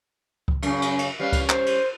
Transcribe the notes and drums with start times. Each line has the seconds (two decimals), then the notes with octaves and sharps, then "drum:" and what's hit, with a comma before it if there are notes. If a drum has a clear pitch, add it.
0.48 drum: kick C#2
0.62 F#2 C#3, drum: cymbal
0.82 drum: cymbal
0.99 drum: cymbal
1.20 G3 C#4 B4 F5
1.33 drum: kick C#2, cymbal
1.49 C5, drum: clap
1.66 drum: cymbal